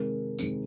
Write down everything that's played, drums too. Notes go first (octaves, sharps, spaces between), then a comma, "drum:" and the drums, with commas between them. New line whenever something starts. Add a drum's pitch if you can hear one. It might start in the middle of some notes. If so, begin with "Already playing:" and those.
Already playing: C3 D#3 G#3 C4 A#4
C3 D#3 G#3 C4, drum: tambourine